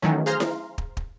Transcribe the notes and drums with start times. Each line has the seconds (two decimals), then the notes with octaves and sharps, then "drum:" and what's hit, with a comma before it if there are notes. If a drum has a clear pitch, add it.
0.02 D#3 E3 F#3 A3 C#4
0.26 G#4 C5 F5 A#5 C6 F6
0.40 drum: snare E4
0.78 drum: kick
0.97 drum: kick